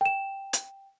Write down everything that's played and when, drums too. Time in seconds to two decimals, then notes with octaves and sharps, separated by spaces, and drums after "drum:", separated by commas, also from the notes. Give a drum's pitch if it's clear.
0.01 G5 E7
0.53 drum: hi-hat